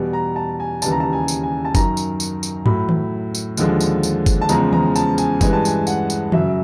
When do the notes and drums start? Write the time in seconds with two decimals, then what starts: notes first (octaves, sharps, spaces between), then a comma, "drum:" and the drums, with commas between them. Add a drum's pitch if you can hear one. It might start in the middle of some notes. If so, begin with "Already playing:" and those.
Already playing: E2 B2 G3
0.13 A#5
0.36 A5
0.60 G#5
0.82 D#2 C#3 E3 G3 A5, drum: tambourine
0.92 A#5
1.00 A5
1.13 G#5
1.28 drum: tambourine
1.43 G#5
1.65 A5
1.75 F#2 D#3 F#3 A#5, drum: kick F#1, tambourine
1.97 drum: tambourine
2.20 drum: tambourine
2.43 drum: tambourine
2.66 A2 F#3 B5, drum: tom G2
2.89 drum: tom D#3
3.35 drum: tambourine
3.57 D#2 D3 F3 G#3, drum: tambourine
3.80 drum: tambourine
4.03 drum: tambourine
4.26 drum: kick F#1, tambourine
4.41 A5
4.49 E2 C#3 F3 G#3 A#5, drum: tambourine
4.73 A#5, drum: tom D#3
4.96 A5, drum: tambourine
5.18 G#5, drum: tambourine
5.41 G2 E3 G#3 G#5, drum: kick F#1, tambourine
5.53 A5
5.65 G#5, drum: tambourine
5.87 F#5, drum: tambourine
6.10 drum: tambourine
6.32 F#2 C#3 F#3 E5, drum: tom D#3